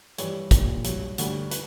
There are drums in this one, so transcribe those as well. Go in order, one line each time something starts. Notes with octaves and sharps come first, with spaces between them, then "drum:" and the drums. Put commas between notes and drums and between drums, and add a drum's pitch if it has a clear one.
G2 E3 G3 C#5, drum: hi-hat
A#2 G3, drum: kick, hi-hat
G2 F#3 C#5, drum: hi-hat
D2 D3 G3, drum: hi-hat
B4, drum: hi-hat